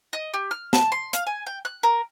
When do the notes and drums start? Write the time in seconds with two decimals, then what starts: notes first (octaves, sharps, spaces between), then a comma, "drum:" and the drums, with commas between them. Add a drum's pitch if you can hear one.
0.13 D#5
0.34 G4
0.51 F6
0.73 A5, drum: snare
0.92 C6
1.13 F5, drum: hi-hat
1.27 G#5
1.46 G5
1.65 F#6
1.83 A#4